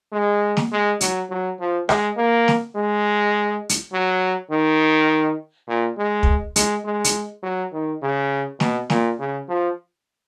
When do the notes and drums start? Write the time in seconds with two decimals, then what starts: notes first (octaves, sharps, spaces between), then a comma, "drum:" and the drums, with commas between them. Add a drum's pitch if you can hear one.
0.13 G#3
0.57 drum: snare
0.72 G#3
1.01 F#3, drum: hi-hat
1.30 F#3
1.60 F3
1.89 G#3, drum: rim click
2.17 A#3
2.48 drum: snare
2.76 G#3
3.69 drum: hi-hat
3.93 F#3
4.51 D#3
5.68 A#2
5.98 G#3
6.23 drum: kick
6.56 G#3, drum: hi-hat
6.85 G#3
7.04 drum: hi-hat
7.43 F#3
7.73 D#3
8.02 C#3
8.60 B2, drum: snare
8.90 A#2, drum: snare
9.19 C#3
9.49 F3